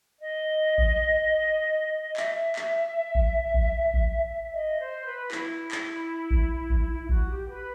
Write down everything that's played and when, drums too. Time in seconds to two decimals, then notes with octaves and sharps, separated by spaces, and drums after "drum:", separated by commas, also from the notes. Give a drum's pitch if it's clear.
0.19 D#5
0.78 drum: kick A1
2.17 E5, drum: clap
2.56 drum: clap
3.15 drum: kick A1
3.54 drum: kick A1
3.94 drum: kick A1
4.53 D#5
4.79 C5
5.06 B4
5.31 E4, drum: clap
5.71 drum: clap
6.31 drum: kick A1
6.70 drum: kick A1
6.90 E4
7.01 E4
7.09 F#4, drum: kick A1
7.29 G4
7.48 B4